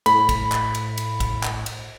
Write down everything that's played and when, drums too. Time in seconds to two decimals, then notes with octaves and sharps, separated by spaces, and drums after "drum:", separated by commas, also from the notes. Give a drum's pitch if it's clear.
0.06 A2 B5, drum: cymbal
0.29 drum: kick, cymbal
0.52 drum: clap
0.75 drum: cymbal
0.98 drum: cymbal
1.20 drum: kick, cymbal
1.43 drum: clap
1.66 drum: cymbal